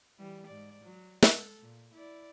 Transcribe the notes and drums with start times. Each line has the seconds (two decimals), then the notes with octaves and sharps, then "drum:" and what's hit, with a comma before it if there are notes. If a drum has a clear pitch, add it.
0.18 E3 G3
0.47 G#2 D5
0.84 F#3
1.23 G#3 A4, drum: snare
1.59 A#2
1.94 E4 D5